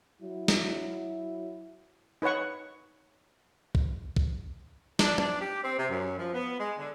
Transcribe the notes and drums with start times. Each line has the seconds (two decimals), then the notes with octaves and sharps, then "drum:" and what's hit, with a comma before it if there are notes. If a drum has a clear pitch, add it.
0.21 F#3 E4
0.48 drum: snare
2.22 D#4 B4 C#5 F#5 C#6
3.75 drum: kick
4.16 drum: kick
4.99 D4, drum: snare
5.18 D4, drum: tom
5.40 G4
5.63 C4
5.78 C3
5.89 F#2
6.18 F3
6.34 B3
6.59 G#3
6.79 D3